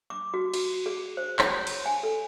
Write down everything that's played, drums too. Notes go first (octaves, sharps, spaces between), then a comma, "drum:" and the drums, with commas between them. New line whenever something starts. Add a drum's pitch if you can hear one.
D6
F#4
F#4, drum: cymbal
G#4
C5
C#5, drum: clap
drum: cymbal
G#5
A4